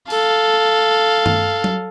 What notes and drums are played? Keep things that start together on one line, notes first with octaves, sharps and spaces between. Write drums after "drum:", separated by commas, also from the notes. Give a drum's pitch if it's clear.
A4 F5, drum: open hi-hat
drum: tom G2
drum: tom F#3